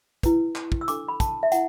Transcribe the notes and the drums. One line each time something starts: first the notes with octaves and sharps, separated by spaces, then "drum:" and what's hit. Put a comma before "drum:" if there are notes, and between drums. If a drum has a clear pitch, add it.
E4 B4, drum: kick, hi-hat
drum: clap
drum: kick
E6
D4 A4 D6, drum: hi-hat
B5
A5, drum: kick, hi-hat
E5
E4 F#5, drum: hi-hat